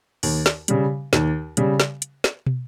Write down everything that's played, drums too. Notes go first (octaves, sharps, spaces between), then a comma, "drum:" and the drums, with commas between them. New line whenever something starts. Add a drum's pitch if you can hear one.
D#2, drum: open hi-hat
drum: snare
C#3 G3, drum: hi-hat
D#2, drum: snare
C#3 G3, drum: hi-hat
drum: snare
drum: hi-hat
drum: snare
drum: tom